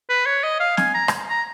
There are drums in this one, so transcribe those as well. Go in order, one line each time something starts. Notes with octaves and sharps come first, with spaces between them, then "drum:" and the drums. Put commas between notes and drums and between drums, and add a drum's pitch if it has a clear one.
B4
C#5
D#5
F5
G#5, drum: snare
A#5
drum: rim click
A#5